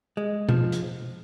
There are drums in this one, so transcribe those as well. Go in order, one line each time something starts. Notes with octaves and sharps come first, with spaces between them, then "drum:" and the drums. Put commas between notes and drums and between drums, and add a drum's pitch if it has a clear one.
G#3
F3, drum: tom
drum: hi-hat